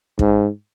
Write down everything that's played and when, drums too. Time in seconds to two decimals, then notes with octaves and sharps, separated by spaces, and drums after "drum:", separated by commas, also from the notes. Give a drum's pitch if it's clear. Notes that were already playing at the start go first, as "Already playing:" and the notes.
0.19 G#2, drum: kick